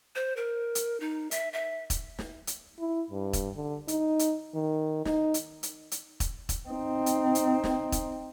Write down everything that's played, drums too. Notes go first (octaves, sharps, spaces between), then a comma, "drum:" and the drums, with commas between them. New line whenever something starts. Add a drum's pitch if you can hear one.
C5
A#4
drum: hi-hat
D#4
E5, drum: hi-hat
E5
drum: kick E1, hi-hat
drum: snare
drum: hi-hat
E4
G2
drum: kick E1, hi-hat
D3
D#4, drum: hi-hat
drum: hi-hat
D#3
D#4, drum: snare
drum: hi-hat
drum: hi-hat
drum: hi-hat
drum: kick E1, hi-hat
drum: kick E1, hi-hat
C4 D#4
drum: hi-hat
drum: hi-hat
drum: snare
drum: kick E1, hi-hat